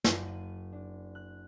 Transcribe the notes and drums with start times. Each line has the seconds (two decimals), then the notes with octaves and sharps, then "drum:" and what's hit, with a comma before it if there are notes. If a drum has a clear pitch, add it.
0.04 F#1, drum: snare
0.28 D#7
0.73 D4
1.15 F#6